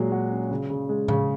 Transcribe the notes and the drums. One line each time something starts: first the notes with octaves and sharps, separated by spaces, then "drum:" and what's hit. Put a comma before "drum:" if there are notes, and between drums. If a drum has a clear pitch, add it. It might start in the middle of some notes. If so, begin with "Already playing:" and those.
Already playing: A#2 F#3 G#3
F#4
C#4
C#3
C#3
G#3
C#3, drum: tom A2